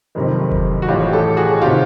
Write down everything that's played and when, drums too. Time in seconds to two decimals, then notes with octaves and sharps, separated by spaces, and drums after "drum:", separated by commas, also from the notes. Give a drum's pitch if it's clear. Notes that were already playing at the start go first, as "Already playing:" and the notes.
0.15 F#1 F2 C3 D#3
0.52 drum: kick F1
0.82 F#4
0.88 A1 A2 E3 F4 G4
1.13 G4 A4
1.37 F#4 G#4
1.61 C3 D#3 F4 G4